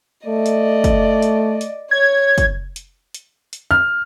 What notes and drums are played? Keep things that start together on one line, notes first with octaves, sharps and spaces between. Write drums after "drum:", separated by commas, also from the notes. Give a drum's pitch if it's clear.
A3 D5 D#5
drum: hi-hat
drum: kick, hi-hat
drum: hi-hat
drum: hi-hat
C#5 G#6
drum: kick, hi-hat
drum: hi-hat
drum: hi-hat
drum: hi-hat
F6